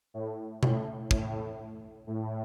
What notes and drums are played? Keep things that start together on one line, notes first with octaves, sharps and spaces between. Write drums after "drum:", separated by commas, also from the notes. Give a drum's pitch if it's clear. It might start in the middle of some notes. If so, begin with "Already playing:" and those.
A2
A2, drum: tom B2
A2, drum: kick
A2